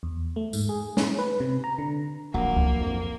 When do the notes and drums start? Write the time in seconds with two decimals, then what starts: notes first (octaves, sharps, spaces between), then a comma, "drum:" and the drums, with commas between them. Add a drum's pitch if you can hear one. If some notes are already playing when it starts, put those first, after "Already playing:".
0.03 E2
0.36 A3
0.53 G#2, drum: tambourine
0.69 G#4
0.97 C#4, drum: snare
1.19 B4
1.40 C3
1.64 A#5
1.78 D3
2.34 D1 A#1 G2 F#3 A#3
2.57 drum: kick C#2
2.80 F2